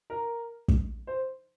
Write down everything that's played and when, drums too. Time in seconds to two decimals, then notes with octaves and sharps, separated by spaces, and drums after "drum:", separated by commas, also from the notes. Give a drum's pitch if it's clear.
0.10 A#4
0.68 drum: kick
1.07 C5